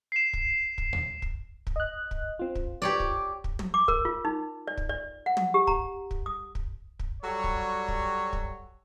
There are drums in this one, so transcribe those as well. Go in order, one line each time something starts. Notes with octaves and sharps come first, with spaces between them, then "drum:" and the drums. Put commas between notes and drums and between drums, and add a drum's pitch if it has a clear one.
C7 E7
drum: kick
drum: kick
drum: tom D2
drum: kick
drum: kick
D#5 F#6
drum: kick
C4 F4
drum: kick
G4 C#5 D5
drum: kick
drum: kick
drum: tom
D6
A#4, drum: kick
F4
D#4
D5
drum: kick
D5
F#5
drum: tom
G4
A#5, drum: kick
drum: kick
D#6
drum: kick
drum: kick
F#3 G3 F#4 A4 C#5
drum: kick
drum: kick
drum: kick